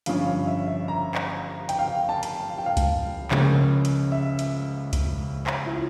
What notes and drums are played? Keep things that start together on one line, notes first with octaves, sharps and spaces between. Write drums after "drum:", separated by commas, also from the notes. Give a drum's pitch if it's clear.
G1 G2 F3 C#4 F5, drum: hi-hat
F5
E5
E5
A#5
drum: clap
G5, drum: hi-hat
F5
G5
A5
drum: hi-hat
F5
G5
F5
drum: kick C#2, hi-hat
C#2 C#3 F3 A#3 C#4, drum: clap
drum: hi-hat
E5
drum: hi-hat
drum: kick C#2, hi-hat
drum: clap
E4
F4